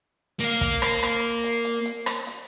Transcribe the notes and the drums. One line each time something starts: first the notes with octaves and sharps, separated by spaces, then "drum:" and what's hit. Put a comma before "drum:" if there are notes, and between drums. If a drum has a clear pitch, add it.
A#3 F5, drum: hi-hat
drum: kick, hi-hat
drum: rim click
drum: rim click
drum: hi-hat
drum: hi-hat
drum: hi-hat
drum: rim click
drum: hi-hat